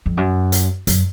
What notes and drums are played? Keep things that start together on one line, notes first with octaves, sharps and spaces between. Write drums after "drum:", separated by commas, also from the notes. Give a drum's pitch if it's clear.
F2
F#2
drum: hi-hat
F#2, drum: hi-hat